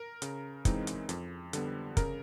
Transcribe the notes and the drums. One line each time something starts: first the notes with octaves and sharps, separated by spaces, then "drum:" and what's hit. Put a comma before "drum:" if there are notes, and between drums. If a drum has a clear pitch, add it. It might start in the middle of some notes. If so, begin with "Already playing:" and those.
Already playing: A#4
C#3, drum: hi-hat
E3 G#3 C4 D#4, drum: kick, hi-hat
drum: hi-hat
F2, drum: hi-hat
D3 G3 B3, drum: hi-hat
C#3 A#4, drum: kick, hi-hat